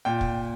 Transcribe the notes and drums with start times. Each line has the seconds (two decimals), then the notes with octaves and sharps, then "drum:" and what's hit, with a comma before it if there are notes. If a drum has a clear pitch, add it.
0.05 A#2 G5
0.21 drum: kick